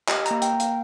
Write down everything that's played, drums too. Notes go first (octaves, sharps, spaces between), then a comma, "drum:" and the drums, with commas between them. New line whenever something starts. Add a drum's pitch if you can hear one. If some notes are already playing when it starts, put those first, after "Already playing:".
G4 D#5, drum: clap
A#5, drum: hi-hat
A#3
A#5
G5, drum: hi-hat
A#3
F5, drum: hi-hat